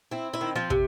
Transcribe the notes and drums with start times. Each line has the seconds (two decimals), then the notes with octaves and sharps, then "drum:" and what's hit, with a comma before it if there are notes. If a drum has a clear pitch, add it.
0.11 C4 E4
0.34 E4
0.41 D#3
0.56 F3 F4
0.70 C3, drum: kick